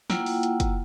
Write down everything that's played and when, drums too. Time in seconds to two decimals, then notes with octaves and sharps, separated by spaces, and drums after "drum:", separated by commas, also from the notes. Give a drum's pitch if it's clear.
0.10 A#3 E4 F4 F#5 G5, drum: snare
0.26 drum: open hi-hat
0.43 drum: hi-hat
0.60 drum: kick, hi-hat